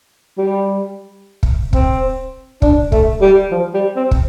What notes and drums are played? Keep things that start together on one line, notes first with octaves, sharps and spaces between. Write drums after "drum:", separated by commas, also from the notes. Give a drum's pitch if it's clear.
G3
drum: kick
C4, drum: kick
D4, drum: kick
A3, drum: kick
G3
F3
G3
C4
drum: kick